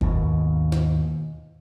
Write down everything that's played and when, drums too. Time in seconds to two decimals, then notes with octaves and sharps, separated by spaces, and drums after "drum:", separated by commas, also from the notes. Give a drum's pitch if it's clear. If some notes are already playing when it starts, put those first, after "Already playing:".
0.01 D#2 G#2 B2, drum: kick F#1
0.72 drum: snare